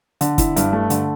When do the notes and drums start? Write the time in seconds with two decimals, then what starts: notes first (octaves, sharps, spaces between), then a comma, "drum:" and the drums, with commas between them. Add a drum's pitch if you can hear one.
0.21 D3, drum: hi-hat
0.38 E4, drum: kick, hi-hat
0.56 G2, drum: hi-hat
0.73 A3
0.90 D3, drum: hi-hat